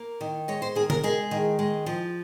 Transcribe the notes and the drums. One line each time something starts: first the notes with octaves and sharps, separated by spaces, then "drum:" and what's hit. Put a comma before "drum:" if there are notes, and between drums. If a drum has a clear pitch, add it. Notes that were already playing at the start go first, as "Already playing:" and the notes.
Already playing: A#3
D#3
G#3 C#5
C5
D#3 G#4
A#4, drum: tom C3
G#3 G#4
D#3
G#3
F3